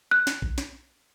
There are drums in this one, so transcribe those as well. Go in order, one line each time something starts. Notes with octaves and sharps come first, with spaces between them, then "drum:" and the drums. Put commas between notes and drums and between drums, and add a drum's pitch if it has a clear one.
F#6
drum: snare
drum: kick A#1
drum: snare